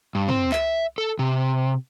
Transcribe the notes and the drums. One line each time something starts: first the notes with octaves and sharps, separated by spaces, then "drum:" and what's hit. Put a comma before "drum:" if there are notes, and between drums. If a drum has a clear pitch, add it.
G2
C4, drum: tom
E5, drum: clap
A4
C3